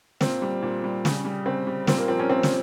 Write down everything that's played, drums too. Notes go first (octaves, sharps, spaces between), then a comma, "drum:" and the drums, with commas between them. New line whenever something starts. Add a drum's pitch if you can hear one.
A#2 C4, drum: snare
G3
A#2
G3
C#3, drum: snare
G3
C#3 C4
G3
A#2 C4, drum: snare
A#3
F3 C4
A#3 C#4
A#2 C4
drum: snare